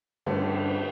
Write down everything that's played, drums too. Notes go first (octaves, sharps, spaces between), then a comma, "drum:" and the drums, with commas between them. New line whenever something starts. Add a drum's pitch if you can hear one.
G2 D3 A3, drum: cymbal